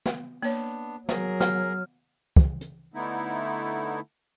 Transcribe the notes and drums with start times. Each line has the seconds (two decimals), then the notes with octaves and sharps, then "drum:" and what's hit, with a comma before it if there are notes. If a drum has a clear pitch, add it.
0.06 drum: snare
0.43 A#3 B3 D4 C#5
1.09 F#3 G#4 A#4, drum: snare
1.40 F6, drum: snare
2.36 drum: kick
2.61 drum: hi-hat
2.94 D3 A3 B3 D#4 E4